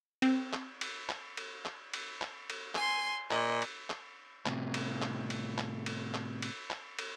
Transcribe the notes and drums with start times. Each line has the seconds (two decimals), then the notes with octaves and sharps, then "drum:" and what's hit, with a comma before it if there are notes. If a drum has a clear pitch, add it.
0.22 C4, drum: cymbal
0.53 drum: clap
0.81 drum: cymbal
1.09 drum: clap
1.37 drum: cymbal
1.65 drum: clap
1.94 drum: cymbal
2.22 drum: clap
2.50 drum: cymbal
2.75 G#5 C6, drum: clap
3.31 A#2 D#5, drum: clap
3.62 drum: cymbal
3.90 drum: clap
4.46 A2 C3, drum: clap
4.74 drum: cymbal
5.02 drum: clap
5.30 drum: cymbal
5.58 drum: clap
5.86 drum: cymbal
6.14 drum: clap
6.42 drum: cymbal
6.70 drum: clap
6.99 drum: cymbal